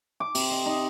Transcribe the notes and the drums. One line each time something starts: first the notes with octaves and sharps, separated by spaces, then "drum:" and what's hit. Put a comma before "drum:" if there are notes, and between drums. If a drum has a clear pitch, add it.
D6
C3, drum: open hi-hat
D#5
D#4